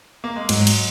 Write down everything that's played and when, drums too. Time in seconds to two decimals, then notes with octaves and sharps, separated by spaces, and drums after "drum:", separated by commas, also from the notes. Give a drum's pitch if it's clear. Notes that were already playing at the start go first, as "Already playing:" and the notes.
0.24 A#3
0.36 G#3
0.49 G#2 F#3, drum: cymbal
0.67 G#3, drum: cymbal